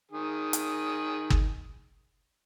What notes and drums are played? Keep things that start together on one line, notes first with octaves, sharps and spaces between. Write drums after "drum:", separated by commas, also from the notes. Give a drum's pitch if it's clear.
D#3 G#4
drum: hi-hat
drum: kick